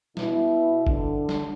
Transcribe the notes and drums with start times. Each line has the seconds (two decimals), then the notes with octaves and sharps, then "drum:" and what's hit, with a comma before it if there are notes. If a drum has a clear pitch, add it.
0.17 B2 E4, drum: snare
0.87 D3, drum: kick F#1
1.29 drum: snare